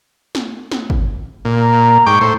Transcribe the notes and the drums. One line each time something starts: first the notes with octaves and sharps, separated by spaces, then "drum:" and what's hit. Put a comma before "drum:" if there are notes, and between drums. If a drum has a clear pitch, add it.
drum: snare
drum: snare
drum: kick
A#2
A#5
G#2 G5 C#6 D6
A2 C5